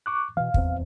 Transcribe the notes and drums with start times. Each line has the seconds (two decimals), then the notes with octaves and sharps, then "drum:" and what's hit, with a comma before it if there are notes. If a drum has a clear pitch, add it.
0.06 C#6 D6 F#6
0.37 B2 E3 F5
0.54 D#1 E2 C4, drum: kick